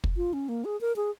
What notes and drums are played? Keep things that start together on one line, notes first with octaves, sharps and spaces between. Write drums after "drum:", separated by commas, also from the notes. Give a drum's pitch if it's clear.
drum: kick
F4
C#4
A#3
G#4
A#4
G#4